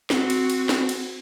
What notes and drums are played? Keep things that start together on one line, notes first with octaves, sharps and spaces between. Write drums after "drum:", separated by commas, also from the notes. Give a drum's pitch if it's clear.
C4 F#4, drum: snare
drum: cymbal
drum: cymbal
drum: snare
drum: cymbal